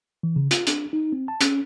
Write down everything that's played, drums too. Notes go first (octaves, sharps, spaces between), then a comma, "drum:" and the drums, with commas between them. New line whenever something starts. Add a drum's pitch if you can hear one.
E3
C#3
F4, drum: hi-hat
D4, drum: hi-hat
D#4
C4
A5
C#4, drum: hi-hat